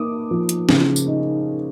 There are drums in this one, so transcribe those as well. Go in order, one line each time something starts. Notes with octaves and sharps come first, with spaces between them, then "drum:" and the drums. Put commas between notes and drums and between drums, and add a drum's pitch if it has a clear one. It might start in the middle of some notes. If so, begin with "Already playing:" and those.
Already playing: A#3 D#4 B5 D6 D#6
F3
drum: hi-hat
C#3, drum: snare
drum: tambourine
D#4